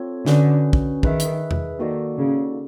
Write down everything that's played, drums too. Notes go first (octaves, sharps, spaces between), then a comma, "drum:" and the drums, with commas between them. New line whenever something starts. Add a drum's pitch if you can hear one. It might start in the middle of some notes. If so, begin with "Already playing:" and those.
Already playing: C4 F4 A4 C#5
D3 C#4 F#4 B4, drum: snare
drum: kick
D#3 G#4 B4 E5, drum: kick
drum: hi-hat
drum: tom E2
D#3 A#3 D#4 F#4 A4 D5
C#3